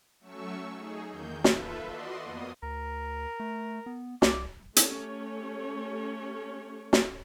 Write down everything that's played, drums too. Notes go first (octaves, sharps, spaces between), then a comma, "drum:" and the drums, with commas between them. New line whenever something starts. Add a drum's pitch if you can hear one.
F#3 A3 C#4 C#6 E6
D#4 G#4
E2 D#3 A#3 G6
F4 A4 B4 E5, drum: snare
F#4 D5 D#5 C6
F2 A#3 B3 D#6
D2 A#4
A3
B3
C2 D5, drum: snare
A3 C#4 G4 C#5, drum: hi-hat
drum: snare